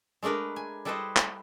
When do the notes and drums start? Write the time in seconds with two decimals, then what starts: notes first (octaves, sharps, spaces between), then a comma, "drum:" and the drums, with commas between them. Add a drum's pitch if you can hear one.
0.23 G#3 A3 D4 A#4 B4
0.56 G#5
0.85 G3 E4 A4 B4 C5 D#5
1.16 drum: clap